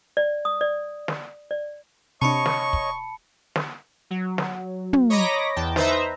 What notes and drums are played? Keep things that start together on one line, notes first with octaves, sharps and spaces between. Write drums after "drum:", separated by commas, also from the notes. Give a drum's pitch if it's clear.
D5
D#6
D5
drum: snare
D5
C3 D4 C#5 D#5 A5 B5 C#6 C#7
drum: snare
drum: kick
drum: snare
F#3
drum: snare
drum: tom
C#5 D#5 A#5 B5 D6 A#6
E2 G5 A5
D#4 B4 C5 E5 A#5, drum: snare